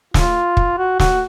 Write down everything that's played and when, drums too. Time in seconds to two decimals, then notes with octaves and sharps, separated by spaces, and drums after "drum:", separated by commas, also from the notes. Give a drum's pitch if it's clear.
0.14 F4, drum: snare
0.57 drum: kick
0.78 F#4
0.99 F#4, drum: snare